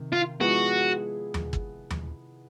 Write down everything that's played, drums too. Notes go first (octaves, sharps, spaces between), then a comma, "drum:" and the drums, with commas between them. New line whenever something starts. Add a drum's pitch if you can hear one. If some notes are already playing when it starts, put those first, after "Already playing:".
Already playing: C3 D#3
F4
F3 G#3 B3 E4 F#4 G#4
drum: tom D#2
drum: kick
drum: tom D#2